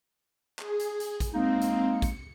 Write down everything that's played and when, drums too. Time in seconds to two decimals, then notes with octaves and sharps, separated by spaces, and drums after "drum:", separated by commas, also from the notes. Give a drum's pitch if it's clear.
0.59 G#4, drum: clap
0.79 drum: hi-hat
1.00 drum: hi-hat
1.20 drum: kick, hi-hat
1.34 G#3 A#3 C4 D#4
1.61 drum: hi-hat
1.89 C#7
2.02 drum: kick, hi-hat